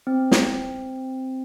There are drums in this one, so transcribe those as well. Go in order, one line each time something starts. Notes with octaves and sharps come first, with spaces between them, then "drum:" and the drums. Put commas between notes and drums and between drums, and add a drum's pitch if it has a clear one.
C4
drum: snare